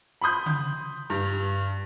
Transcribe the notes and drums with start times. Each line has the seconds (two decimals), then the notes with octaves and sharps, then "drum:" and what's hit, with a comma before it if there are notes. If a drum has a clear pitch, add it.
0.21 B5 C6 D#6 G6
0.46 drum: tom C#3
1.10 G2, drum: hi-hat